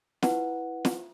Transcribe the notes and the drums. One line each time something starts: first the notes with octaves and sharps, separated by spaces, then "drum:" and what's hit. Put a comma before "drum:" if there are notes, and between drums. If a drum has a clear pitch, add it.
E4 B4 F#5, drum: snare
drum: snare